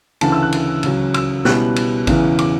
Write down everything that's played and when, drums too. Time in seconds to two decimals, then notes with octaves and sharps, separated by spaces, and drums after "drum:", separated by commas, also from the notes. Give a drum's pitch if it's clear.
0.21 D2 C#3 E3 A5, drum: cymbal
0.32 E6
0.43 F#6
0.53 drum: cymbal
0.83 C#2 C#3 F#3, drum: cymbal
1.14 E6, drum: cymbal
1.45 B2 G3 C#4 E4 F#6, drum: snare
1.76 drum: cymbal
2.07 E2 C#3 E3, drum: kick G#1, cymbal
2.39 D6, drum: cymbal